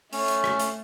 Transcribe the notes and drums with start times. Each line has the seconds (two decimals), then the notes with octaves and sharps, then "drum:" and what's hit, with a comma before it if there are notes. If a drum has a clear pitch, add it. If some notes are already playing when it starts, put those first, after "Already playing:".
0.13 A3 C#4, drum: open hi-hat
0.28 drum: hi-hat
0.44 drum: rim click
0.60 drum: hi-hat